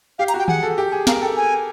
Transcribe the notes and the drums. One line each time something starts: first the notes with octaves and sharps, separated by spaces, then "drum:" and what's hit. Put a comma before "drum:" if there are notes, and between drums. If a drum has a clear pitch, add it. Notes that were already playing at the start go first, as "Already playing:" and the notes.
G4 F5
A#5, drum: hi-hat
F#4 G5
G#4 F#5, drum: tom D#3
A4
G4
G#4
A#4 F5, drum: snare
A4 G5
G#5